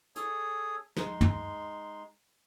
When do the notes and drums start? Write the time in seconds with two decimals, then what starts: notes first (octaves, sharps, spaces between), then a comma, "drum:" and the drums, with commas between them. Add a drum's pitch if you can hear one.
0.16 G#4 A4 C#5 D#6, drum: hi-hat
0.97 G#3 D#4 C6, drum: snare
1.21 drum: tom